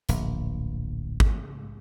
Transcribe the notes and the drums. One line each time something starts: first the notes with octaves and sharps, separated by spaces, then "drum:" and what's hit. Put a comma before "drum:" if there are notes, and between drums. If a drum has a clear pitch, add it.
D1 A#1, drum: hi-hat
drum: kick